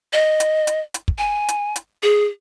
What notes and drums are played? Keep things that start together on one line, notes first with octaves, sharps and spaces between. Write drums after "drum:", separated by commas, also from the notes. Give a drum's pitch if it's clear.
D#5
drum: hi-hat
drum: hi-hat
drum: hi-hat
drum: kick
G#5
drum: hi-hat
drum: hi-hat
G#4